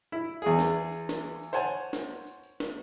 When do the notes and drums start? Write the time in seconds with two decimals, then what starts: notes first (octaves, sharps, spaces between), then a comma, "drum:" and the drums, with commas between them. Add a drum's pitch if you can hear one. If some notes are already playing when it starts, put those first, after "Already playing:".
0.12 E4
0.42 E2 G#4, drum: tambourine
0.59 drum: snare
0.92 drum: tambourine
1.09 drum: snare
1.26 drum: tambourine
1.43 drum: tambourine
1.53 C5 C#5 F#5 G#5 A5
1.93 drum: snare
2.10 drum: tambourine
2.27 drum: tambourine
2.43 drum: tambourine
2.60 drum: snare